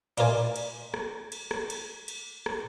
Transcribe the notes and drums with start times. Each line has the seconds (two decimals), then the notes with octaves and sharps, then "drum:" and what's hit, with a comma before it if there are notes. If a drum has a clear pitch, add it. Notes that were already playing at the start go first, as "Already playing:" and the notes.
0.18 D4 F4 A#4 D5 G#5, drum: cymbal
0.56 drum: cymbal
0.94 drum: rim click
1.32 drum: cymbal
1.51 drum: rim click
1.70 drum: cymbal
2.08 drum: cymbal
2.46 drum: rim click